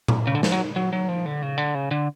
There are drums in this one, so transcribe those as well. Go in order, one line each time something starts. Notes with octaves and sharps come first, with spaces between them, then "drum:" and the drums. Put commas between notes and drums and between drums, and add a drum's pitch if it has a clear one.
drum: tom A#2
C#3
D3
F3, drum: snare
F#3
F#3
F#3
F3
D3
C#3
D3
C#3
D3